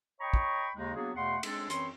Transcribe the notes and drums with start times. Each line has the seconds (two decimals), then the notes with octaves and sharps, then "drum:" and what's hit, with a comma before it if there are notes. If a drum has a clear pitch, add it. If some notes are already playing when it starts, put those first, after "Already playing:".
0.20 C#5 D#5 G5 A#5 B5 C#6
0.34 drum: kick
0.76 D#2 C#3 G#3 D#4
0.95 F#3 A#3 B3 D4 F#4 G#4
1.16 E2 B2 A3 F5 F#5 C6
1.43 G#3 C4 D4 G#4 A4, drum: cymbal
1.70 F#2 E3 C4 C#5 C6, drum: hi-hat